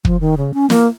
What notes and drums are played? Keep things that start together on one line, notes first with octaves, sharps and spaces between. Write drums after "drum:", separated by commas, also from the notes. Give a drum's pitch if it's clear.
F3, drum: kick
D#3
C#3
C#4
A#3, drum: snare